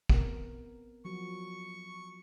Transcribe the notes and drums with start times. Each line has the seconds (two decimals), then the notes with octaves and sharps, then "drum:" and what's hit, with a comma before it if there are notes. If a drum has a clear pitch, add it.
0.09 B3 C4 A#4, drum: kick
1.05 F3 F#3 F#4 C#6